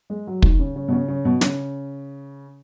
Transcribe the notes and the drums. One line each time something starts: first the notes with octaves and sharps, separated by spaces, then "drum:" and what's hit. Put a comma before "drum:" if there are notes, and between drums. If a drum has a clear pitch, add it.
G#3
F#3
D#3, drum: kick
C#3
C#3
B2
C#3
C#3
B2
C#3, drum: snare